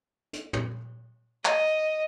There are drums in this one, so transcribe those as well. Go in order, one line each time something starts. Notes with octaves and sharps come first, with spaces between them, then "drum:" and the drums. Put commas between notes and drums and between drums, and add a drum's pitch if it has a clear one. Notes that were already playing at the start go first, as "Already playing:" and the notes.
drum: hi-hat
drum: tom
D#5, drum: clap